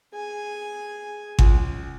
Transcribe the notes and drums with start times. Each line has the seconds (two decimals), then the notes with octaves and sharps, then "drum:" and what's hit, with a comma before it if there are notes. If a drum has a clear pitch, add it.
0.14 G#4 G#5
1.39 C#2, drum: kick G#1